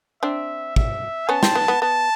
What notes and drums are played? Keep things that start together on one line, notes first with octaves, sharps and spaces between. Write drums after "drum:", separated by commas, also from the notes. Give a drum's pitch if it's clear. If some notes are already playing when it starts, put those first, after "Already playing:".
C4 D4 E5
E5, drum: kick
B3 C#4 A5
C4, drum: snare
B3
B3
B3 A5